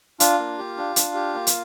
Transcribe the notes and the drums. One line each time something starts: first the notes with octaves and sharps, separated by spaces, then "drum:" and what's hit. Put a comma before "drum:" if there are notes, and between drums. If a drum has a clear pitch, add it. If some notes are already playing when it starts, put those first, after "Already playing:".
D4 F4 F5, drum: hi-hat
A#3
G4
D4
D4, drum: hi-hat
G4
A#3
drum: hi-hat